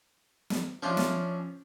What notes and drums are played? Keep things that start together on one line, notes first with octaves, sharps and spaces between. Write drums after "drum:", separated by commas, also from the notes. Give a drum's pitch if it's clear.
drum: snare
F3 C#4 D4 F4 E5
drum: snare